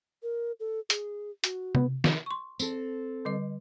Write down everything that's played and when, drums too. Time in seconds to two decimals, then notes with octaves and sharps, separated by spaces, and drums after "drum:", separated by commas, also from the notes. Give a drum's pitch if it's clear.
0.23 A#4
0.60 A4
0.90 G#4, drum: hi-hat
1.44 F#4, drum: hi-hat
1.75 B3, drum: tom C3
2.04 drum: snare
2.26 C6 C#6
2.59 C4 A4, drum: tambourine
3.25 D3 G3 D#5